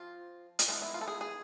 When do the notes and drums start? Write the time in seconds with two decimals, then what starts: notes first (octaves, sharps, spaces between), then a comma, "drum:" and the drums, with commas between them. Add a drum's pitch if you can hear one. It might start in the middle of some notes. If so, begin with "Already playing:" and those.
Already playing: F3 C4 F4
0.59 drum: hi-hat
0.68 E3 G#3 B3 D4 F4
0.82 E4
0.94 F4
1.01 A4
1.08 G#4
1.21 G#4